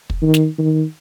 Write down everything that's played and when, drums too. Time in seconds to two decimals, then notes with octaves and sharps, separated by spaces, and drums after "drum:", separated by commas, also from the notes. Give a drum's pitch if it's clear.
0.10 drum: kick
0.22 D#3
0.34 drum: snare
0.58 D#3